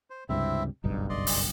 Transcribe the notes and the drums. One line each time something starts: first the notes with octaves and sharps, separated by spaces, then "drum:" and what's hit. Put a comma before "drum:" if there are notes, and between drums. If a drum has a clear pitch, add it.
C5
C#2 G2 C3 C4 E4 E5
F#1 B1 G2 D#4
D5 D#5 C6
drum: open hi-hat